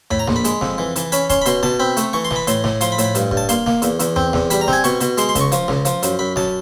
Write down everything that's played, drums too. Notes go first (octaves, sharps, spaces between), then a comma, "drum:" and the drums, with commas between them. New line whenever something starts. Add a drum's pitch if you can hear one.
A2 B5, drum: tom E2
A#5
A#1, drum: snare
B5
G#3, drum: hi-hat
F2, drum: snare
E3
E3, drum: hi-hat
C#4 B5, drum: hi-hat
C#4 C6, drum: kick, hi-hat
B5
B2 C6, drum: hi-hat
B2 A5, drum: snare
C4 B5
A3, drum: hi-hat
E3 C#6
C6
E3, drum: snare
B5
A2 C6, drum: hi-hat
A2, drum: snare
F3 C6, drum: hi-hat
B5
A2, drum: hi-hat
B5
G2, drum: hi-hat
G2, drum: kick
A5
A#3 C6, drum: hi-hat
A#3, drum: snare
E2, drum: hi-hat
E2, drum: hi-hat
C4, drum: tom E2
E2, drum: snare
G3 B5, drum: hi-hat
A#5
C4, drum: snare
G#5
B2 C#6, drum: hi-hat
B2, drum: hi-hat
G#3 C6, drum: hi-hat
C6
C#2, drum: kick, hi-hat
C#6
F3, drum: hi-hat
C#2, drum: snare
F3, drum: hi-hat
F#2, drum: hi-hat
F#2 B5
F#2 A5, drum: snare